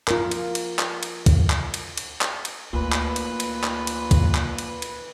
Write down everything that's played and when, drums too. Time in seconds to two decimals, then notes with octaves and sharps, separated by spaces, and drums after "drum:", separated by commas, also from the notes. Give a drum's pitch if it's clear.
0.08 F4 A#4, drum: clap
0.31 drum: cymbal
0.55 drum: cymbal
0.79 drum: clap
1.03 drum: cymbal
1.26 drum: kick, cymbal
1.50 drum: clap
1.74 drum: cymbal
1.98 drum: cymbal
2.21 drum: clap
2.45 drum: cymbal
2.73 D2 A#2 B4
2.92 drum: clap
3.16 drum: cymbal
3.40 drum: cymbal
3.64 drum: clap
3.87 drum: cymbal
4.11 drum: kick, cymbal
4.35 drum: clap
4.58 drum: cymbal
4.82 drum: cymbal